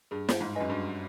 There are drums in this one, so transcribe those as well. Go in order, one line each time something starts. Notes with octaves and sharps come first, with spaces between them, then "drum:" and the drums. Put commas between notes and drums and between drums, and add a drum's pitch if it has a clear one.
G2 G#4
drum: snare
G#2
F#2 B4 D#5 G#5
G2